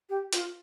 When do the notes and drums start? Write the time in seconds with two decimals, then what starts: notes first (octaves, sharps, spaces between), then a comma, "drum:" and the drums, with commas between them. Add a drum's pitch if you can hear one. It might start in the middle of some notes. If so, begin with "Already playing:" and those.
0.09 G4
0.33 F4, drum: hi-hat